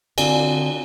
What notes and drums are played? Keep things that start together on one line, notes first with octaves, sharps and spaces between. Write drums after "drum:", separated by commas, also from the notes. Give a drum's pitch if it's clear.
D3 C4 F#4 D5 F5 G#5, drum: cymbal